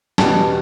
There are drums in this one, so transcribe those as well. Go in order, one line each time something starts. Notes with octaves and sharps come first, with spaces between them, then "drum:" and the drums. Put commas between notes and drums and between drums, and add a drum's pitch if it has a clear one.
E2 B2 G3 C#4 A5, drum: snare